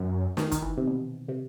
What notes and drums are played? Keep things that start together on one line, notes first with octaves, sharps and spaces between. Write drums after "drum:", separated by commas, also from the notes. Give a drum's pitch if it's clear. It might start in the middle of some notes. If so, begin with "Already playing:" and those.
Already playing: F#2
D#3, drum: snare
D#3, drum: kick, hi-hat
E3
C3
B2
C3